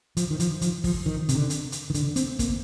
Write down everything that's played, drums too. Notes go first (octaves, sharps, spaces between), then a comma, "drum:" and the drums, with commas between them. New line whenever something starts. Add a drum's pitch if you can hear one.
F3, drum: hi-hat
D#3
F3, drum: hi-hat
F3, drum: hi-hat
F3, drum: kick, open hi-hat
D#3
C3, drum: hi-hat
D3
drum: hi-hat
drum: hi-hat
D#3
D3, drum: hi-hat
C4, drum: hi-hat
A#3, drum: kick, hi-hat